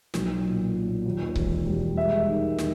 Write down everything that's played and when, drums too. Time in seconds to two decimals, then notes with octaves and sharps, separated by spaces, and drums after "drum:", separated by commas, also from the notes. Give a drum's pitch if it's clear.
0.14 B1, drum: snare
0.45 A#2
0.75 A#2
1.06 D#2
1.36 E1, drum: kick C#1
1.66 G3
1.97 G#3 E5
2.27 D#3
2.58 D#3, drum: snare